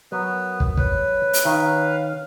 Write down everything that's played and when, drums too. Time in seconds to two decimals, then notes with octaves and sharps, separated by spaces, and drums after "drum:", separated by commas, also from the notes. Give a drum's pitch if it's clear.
0.12 F#3 B3 A#4 B4
0.60 drum: kick
0.77 B4 C#5, drum: kick
1.33 drum: hi-hat
1.45 D#3 F5